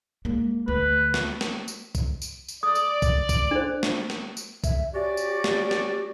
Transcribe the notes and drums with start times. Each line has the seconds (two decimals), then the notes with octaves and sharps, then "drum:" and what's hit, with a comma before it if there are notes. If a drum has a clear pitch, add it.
0.25 G#3 A#3
0.68 D2 B4
1.14 drum: snare
1.41 drum: snare
1.68 drum: tambourine
1.95 drum: kick, tambourine
2.22 drum: tambourine
2.48 drum: tambourine
2.63 D5 D#6
2.75 drum: tambourine
3.02 drum: kick, tambourine
3.29 drum: kick, tambourine
3.51 D4 C5
3.83 drum: snare
4.10 drum: snare
4.37 drum: tambourine
4.64 E5, drum: kick, tambourine
4.93 C#4 F#4 G4 D5
5.17 drum: tambourine
5.44 drum: snare
5.71 drum: snare